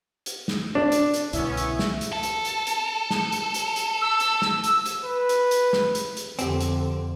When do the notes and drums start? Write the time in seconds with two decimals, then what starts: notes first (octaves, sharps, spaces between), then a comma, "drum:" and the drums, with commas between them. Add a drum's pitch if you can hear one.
0.26 drum: hi-hat
0.48 drum: snare
0.75 D4
0.92 drum: hi-hat
1.14 drum: hi-hat
1.33 C2 B2 D3 B3 C#4 E4 E5, drum: hi-hat
1.57 drum: hi-hat
1.79 drum: snare
2.01 drum: hi-hat
2.13 A4
2.23 drum: hi-hat
2.45 drum: hi-hat
2.67 drum: hi-hat
3.11 drum: snare
3.32 drum: hi-hat
3.54 drum: hi-hat
3.76 drum: hi-hat
4.01 E6
4.20 drum: hi-hat
4.42 drum: snare
4.64 drum: hi-hat
4.86 drum: hi-hat
5.04 B4
5.29 drum: hi-hat
5.51 drum: hi-hat
5.73 drum: snare
5.95 drum: hi-hat
6.17 drum: hi-hat
6.39 F2 D3 C4 G4, drum: hi-hat
6.61 drum: hi-hat